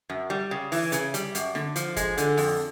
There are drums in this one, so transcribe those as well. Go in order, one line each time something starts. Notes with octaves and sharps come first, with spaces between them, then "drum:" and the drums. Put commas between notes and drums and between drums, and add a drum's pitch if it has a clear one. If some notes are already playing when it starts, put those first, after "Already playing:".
F#2
G3
C#3
E3, drum: open hi-hat
C#3, drum: hi-hat
G3, drum: hi-hat
F#2, drum: hi-hat
D3, drum: snare
F3, drum: hi-hat
G#3, drum: kick, hi-hat
D3, drum: hi-hat
F2, drum: open hi-hat